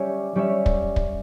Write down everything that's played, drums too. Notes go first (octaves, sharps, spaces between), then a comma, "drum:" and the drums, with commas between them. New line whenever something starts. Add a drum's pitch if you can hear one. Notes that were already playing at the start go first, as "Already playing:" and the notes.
Already playing: G3 C#4 G4 C#5 E5
G3 C#4 G4 C#5 E5
drum: kick
drum: kick